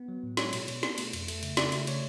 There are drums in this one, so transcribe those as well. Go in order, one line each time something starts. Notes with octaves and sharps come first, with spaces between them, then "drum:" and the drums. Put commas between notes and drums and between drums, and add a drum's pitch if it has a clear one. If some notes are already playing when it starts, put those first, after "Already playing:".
Already playing: B3
F#3
A2
G#3 C#5, drum: snare
B2, drum: cymbal
B2, drum: cymbal
B3, drum: snare
A3, drum: cymbal
F2, drum: cymbal
A3, drum: cymbal
C#3, drum: cymbal
A3 D5, drum: snare
C#3, drum: cymbal
A3 C#5, drum: cymbal